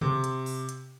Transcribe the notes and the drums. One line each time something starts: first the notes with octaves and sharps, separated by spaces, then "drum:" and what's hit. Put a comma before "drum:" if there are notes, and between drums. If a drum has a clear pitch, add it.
C3, drum: tom C3
drum: hi-hat
drum: open hi-hat
drum: hi-hat